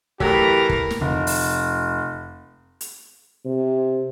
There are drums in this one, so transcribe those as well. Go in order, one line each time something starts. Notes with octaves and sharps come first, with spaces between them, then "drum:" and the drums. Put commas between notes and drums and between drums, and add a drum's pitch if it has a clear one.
E3 F#3 A3 G4 A#4 A#5, drum: kick
drum: kick
drum: snare
F1
drum: open hi-hat
drum: hi-hat
C3